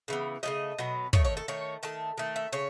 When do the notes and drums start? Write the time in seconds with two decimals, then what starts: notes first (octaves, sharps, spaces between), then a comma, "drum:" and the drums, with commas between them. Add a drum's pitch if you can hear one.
0.08 C#3 E3 B3
0.43 C#3 F#3 A3 D#5
0.78 B2 F#3 B3
1.13 D#3 A3 C#5, drum: kick
1.25 C#5
1.37 A4
1.48 D#3 A3 C#5
1.83 D#3 A3 A5
2.18 D#3 A3
2.36 E5
2.53 C#3 C#5